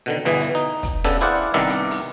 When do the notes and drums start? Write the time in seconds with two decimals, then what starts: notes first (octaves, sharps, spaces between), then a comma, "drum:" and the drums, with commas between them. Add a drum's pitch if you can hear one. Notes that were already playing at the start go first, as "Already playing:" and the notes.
0.06 B2 D3 D#3
0.25 G1 B2 E3 G#4
0.40 drum: hi-hat
0.55 D#4
0.83 drum: kick, hi-hat
1.04 C#3 B3 D4 G4 A4, drum: hi-hat
1.21 E4 G#4 C5 D5 F5 F#5
1.54 C2 D#3 B3 D4 D5 E5
1.69 drum: hi-hat
1.91 drum: open hi-hat